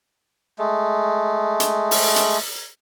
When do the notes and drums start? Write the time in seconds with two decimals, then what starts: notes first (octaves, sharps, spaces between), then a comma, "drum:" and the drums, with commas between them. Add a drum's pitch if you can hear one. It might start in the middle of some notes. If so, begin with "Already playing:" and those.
0.59 G#3 A3
1.60 drum: hi-hat
1.91 drum: open hi-hat
2.16 drum: hi-hat